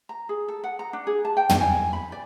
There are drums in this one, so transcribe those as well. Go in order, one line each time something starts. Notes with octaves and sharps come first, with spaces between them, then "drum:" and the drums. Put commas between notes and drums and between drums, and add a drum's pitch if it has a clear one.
A#5
G#4
A4
F#5
A#5
D4
G#4
A5
G5
drum: tom
G#5
B5
D5